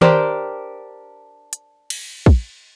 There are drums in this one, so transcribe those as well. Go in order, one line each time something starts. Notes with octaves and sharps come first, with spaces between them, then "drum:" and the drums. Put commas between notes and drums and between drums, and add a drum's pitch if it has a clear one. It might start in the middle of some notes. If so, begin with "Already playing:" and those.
D4 G4 A#4 C5, drum: tom D#3
drum: hi-hat
drum: cymbal
drum: kick